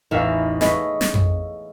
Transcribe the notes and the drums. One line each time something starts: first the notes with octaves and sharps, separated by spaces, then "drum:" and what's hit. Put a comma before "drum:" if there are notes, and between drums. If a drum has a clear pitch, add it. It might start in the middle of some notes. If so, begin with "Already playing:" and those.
A1 E2 D#4 E5 F5
A3 G#4 B4 C#5 D#5, drum: snare
drum: snare
drum: tom F2